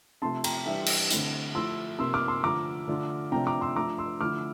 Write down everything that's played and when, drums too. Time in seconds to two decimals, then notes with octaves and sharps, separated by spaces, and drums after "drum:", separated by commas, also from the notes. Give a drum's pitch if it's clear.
0.22 C3 F3 A3 A5 C6
0.44 G5 A#5, drum: cymbal
0.66 E3 G3 D4 E5 G5
0.86 drum: cymbal
1.10 D3 A3 C4 E4, drum: hi-hat
1.55 F3 A3 E4 C6 E6
1.99 C3 F3 A#3 C6 E6
2.14 D6 F6
2.28 C6 E6
2.43 D3 F3 A3 A#5 D6
2.88 D3 A3 D4 F4
3.32 C3 F3 A3 D4 G5 A#5
3.47 A#5 D6
3.61 C6 E6
3.76 F3 A3 D4 F4 A#5 D6
3.98 C6 E6
4.20 D3 F3 A3 E4 D6 F6